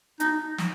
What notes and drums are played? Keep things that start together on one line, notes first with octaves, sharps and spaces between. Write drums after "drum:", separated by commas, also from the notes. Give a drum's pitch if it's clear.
D#4, drum: hi-hat
drum: snare